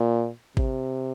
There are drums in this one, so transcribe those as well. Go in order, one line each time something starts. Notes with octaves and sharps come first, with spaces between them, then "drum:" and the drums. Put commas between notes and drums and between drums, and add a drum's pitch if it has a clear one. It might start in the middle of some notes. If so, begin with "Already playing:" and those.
Already playing: A#2
C3, drum: kick G#1